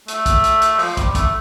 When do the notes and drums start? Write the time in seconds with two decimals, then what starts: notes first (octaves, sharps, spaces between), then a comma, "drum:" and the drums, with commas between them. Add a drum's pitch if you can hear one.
0.08 A3, drum: hi-hat
0.26 drum: kick, hi-hat
0.44 drum: hi-hat
0.62 drum: hi-hat
0.79 F3, drum: open hi-hat
0.97 G3, drum: kick, hi-hat
1.15 A3, drum: kick, hi-hat